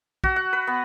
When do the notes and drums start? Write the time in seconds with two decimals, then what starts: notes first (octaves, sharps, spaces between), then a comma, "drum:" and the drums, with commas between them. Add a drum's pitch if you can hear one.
0.24 F#4, drum: kick
0.36 F#5
0.53 B4
0.67 B3